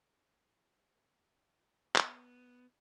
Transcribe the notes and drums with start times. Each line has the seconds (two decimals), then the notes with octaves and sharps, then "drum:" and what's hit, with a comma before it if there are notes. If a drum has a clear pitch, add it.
1.95 B3, drum: clap